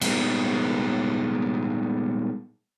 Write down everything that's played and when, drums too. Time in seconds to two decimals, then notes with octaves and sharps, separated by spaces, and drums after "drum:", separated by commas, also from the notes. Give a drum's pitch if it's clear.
0.01 A#2 G3 G#3 A#3 B3 D#4, drum: cymbal